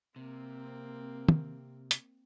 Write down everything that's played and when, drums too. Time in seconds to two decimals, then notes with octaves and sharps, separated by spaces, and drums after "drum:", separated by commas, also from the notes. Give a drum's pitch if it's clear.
0.16 C3 A#3 C4
1.29 drum: tom
1.91 drum: hi-hat